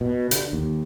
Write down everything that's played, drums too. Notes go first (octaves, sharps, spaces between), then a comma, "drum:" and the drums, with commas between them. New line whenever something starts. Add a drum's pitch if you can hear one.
B2
D3, drum: hi-hat
D#2